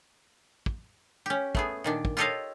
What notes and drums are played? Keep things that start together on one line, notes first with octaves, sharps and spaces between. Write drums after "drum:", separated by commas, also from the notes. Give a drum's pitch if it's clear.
drum: kick
C#4 G4
A3 B3 G#4, drum: kick
A#2 D#3 D4
drum: kick
F4 G4 A4 C#5 D#5 F5